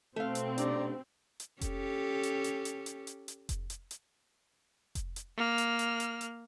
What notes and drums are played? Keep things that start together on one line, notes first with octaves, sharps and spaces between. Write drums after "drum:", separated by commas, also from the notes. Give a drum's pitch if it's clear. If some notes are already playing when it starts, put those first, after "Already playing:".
B2 A3 C4 A4 F5
drum: hi-hat
C#4 D4 G4 D5 A#5, drum: hi-hat
drum: hi-hat
C#4 G4 A4, drum: kick F1, hi-hat
drum: hi-hat
drum: hi-hat
drum: hi-hat
drum: hi-hat
drum: hi-hat
drum: hi-hat
drum: kick F1, hi-hat
drum: hi-hat
drum: hi-hat
drum: kick F1, hi-hat
drum: hi-hat
A#3 F6
drum: hi-hat
drum: hi-hat
drum: hi-hat
drum: hi-hat